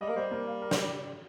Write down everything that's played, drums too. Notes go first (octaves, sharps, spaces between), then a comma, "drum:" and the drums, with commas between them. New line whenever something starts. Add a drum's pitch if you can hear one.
G3 D#5
A#3
G3 C5
A#3
F5
A#4
drum: snare